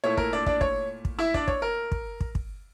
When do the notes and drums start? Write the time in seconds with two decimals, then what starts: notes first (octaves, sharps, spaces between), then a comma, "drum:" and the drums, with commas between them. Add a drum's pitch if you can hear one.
0.04 A#2 A3 E4 C#5
0.17 A#4, drum: kick
0.32 D4 D5
0.46 D4 D5, drum: kick
0.61 C#5, drum: kick
1.05 drum: kick
1.19 E4 E5
1.34 D4 D5, drum: kick
1.48 C#5, drum: kick
1.62 A#4
1.92 drum: kick
2.21 drum: kick
2.35 drum: kick